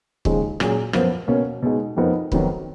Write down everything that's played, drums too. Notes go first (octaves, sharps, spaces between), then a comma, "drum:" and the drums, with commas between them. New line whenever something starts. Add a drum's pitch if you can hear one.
D#2 C#3 F3 G#3 D#4, drum: kick
A#2 F#3 C#4 G#4, drum: rim click
F#2 F3 B3 F4 A#4, drum: rim click
B2 A#3 C#4
B2 G#3 D#4
F2 F3 B3 D#4 A#4
F2 D#3 F#3 B3, drum: kick